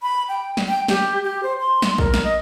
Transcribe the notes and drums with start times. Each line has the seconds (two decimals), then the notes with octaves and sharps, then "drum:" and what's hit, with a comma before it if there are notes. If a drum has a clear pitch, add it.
0.02 B5
0.29 G5
0.57 drum: snare
0.68 G5
0.88 G4, drum: snare
1.23 G4
1.43 C5
1.60 C6
1.82 drum: snare
1.98 A#4, drum: kick A#1
2.14 drum: snare
2.24 D#5